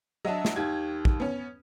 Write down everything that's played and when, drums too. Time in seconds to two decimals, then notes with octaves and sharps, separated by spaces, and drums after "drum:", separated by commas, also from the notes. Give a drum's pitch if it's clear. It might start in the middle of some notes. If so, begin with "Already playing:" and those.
0.25 F#3 D4 D#5 E5 A5
0.45 drum: snare
0.56 D#2 D#3 G4 G#6
1.05 drum: kick
1.20 B3 C#4